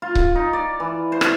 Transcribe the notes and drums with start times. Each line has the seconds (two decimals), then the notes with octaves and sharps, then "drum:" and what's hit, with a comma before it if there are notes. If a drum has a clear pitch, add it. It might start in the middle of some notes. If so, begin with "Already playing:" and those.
0.02 F4
0.15 drum: kick C#1
0.35 D#4
0.53 D5
0.80 E3
1.12 C5
1.21 drum: rim click